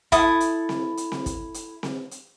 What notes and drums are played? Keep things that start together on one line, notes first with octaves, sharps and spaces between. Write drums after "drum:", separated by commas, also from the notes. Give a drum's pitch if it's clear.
E4 A4 D#6, drum: kick, hi-hat
drum: hi-hat
drum: snare C4
drum: hi-hat
drum: snare C4
drum: kick, hi-hat
drum: hi-hat
drum: snare C4
drum: hi-hat